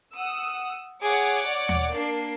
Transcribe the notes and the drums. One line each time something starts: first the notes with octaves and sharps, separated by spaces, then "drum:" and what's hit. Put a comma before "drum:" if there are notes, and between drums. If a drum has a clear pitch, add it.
F#5 D#6 E6
G#4 C#5 F#5 D6
D5
drum: tom D#2
A#3 D4 C7